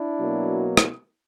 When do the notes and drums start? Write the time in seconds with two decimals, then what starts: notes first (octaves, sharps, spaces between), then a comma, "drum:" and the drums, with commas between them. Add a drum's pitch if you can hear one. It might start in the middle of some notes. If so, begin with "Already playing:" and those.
Already playing: D4 E4
0.21 B2 F#3 A#3
0.77 drum: rim click